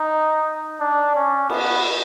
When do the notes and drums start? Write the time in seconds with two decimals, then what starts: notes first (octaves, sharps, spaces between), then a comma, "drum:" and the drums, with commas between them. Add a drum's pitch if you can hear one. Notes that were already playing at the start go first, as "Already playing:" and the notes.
Already playing: D#4
0.80 D4
1.16 C#4
1.50 B3, drum: cymbal